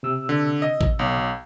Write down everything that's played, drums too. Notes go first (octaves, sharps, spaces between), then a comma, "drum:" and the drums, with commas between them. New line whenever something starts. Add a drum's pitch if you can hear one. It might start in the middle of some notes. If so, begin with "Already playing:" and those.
C3 E6
D3
D#5
drum: kick A1
B1